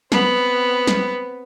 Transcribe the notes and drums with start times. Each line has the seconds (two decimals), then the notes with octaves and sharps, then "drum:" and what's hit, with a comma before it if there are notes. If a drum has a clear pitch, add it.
0.12 B3 C4, drum: snare
0.87 drum: snare